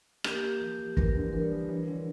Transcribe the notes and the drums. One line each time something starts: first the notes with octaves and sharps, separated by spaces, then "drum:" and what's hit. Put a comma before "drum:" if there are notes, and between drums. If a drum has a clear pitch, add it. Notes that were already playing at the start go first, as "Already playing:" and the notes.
A#3 G4, drum: rim click
F3 G4
F3
E3 A#4, drum: kick
D3
E3 A#4
G3
F3
E3 C#5
D3